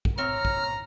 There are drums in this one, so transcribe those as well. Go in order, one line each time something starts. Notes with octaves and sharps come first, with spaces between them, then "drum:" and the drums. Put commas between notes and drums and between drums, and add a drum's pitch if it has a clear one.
drum: kick A#1
C4 C#5 A#5 F6
drum: kick A#1